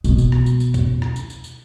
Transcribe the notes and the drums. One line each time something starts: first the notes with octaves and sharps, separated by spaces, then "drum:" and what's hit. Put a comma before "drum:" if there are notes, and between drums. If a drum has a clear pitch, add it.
B2 B3, drum: tambourine
drum: tambourine
drum: rim click
drum: tambourine
drum: tambourine
drum: kick, tambourine
drum: rim click
drum: tambourine
drum: tambourine
drum: tambourine